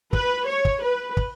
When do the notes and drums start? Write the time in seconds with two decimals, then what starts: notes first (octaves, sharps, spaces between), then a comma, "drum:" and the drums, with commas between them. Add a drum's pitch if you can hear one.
0.13 B4, drum: kick
0.48 C#5
0.65 drum: kick
0.82 B4
1.17 drum: kick